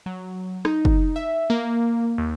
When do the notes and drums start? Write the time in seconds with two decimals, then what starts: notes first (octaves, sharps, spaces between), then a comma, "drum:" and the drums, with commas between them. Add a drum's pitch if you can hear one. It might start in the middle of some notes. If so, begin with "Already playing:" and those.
0.06 F#3
0.65 D#4, drum: rim click
0.85 drum: kick
1.16 E5
1.50 A#3
2.18 D#2